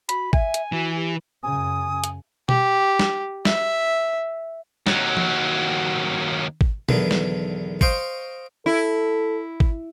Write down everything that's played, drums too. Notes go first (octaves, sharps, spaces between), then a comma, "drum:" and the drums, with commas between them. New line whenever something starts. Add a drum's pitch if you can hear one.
F#4 B5, drum: hi-hat
E5 G#5, drum: kick G#1
drum: hi-hat
E3 F#4
G4
F#2 C#3 G#5 D#6
drum: hi-hat
G4, drum: tom B2
drum: snare
E5, drum: snare
D#2 F#3, drum: snare
drum: tom F3
drum: kick G#1
B1 E2 D3 D#3 B3, drum: tom B2
drum: snare
C5 D#5 F5 G5 C6 C#6, drum: kick G#1
E4 A4
drum: kick G#1